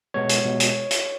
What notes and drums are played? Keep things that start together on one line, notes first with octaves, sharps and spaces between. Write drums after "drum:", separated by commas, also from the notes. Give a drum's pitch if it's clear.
B2 G#3 B3 C#5
drum: hi-hat
B2 G#3 B3
drum: hi-hat
drum: hi-hat